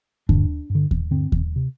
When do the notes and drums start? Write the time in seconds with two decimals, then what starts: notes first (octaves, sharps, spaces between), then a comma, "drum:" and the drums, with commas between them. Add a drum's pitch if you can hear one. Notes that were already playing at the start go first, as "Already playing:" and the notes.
0.29 G2 D3 D4, drum: kick D#2
0.70 G2
0.75 D3
0.91 drum: kick D#2
1.11 G2 D3 C4
1.32 drum: kick D#2
1.56 C3